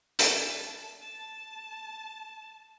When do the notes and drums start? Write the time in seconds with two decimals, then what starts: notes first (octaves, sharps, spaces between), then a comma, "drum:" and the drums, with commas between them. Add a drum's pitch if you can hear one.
0.19 A5, drum: hi-hat
1.00 A5